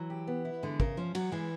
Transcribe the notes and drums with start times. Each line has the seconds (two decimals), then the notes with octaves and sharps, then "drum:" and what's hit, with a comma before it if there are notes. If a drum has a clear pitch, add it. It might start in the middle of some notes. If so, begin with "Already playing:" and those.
Already playing: E3 F#3
0.10 G4
0.27 B3
0.45 E4
0.63 D3 G#3
0.80 C#3 A#4, drum: kick
0.97 F3 C#4
1.15 F#3 F#4, drum: cymbal
1.32 E3 G#3